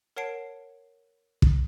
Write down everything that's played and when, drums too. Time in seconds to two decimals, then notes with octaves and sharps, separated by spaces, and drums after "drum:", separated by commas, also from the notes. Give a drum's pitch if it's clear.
0.16 A#4 C#5 F#5 A5 C7 D7
1.42 drum: kick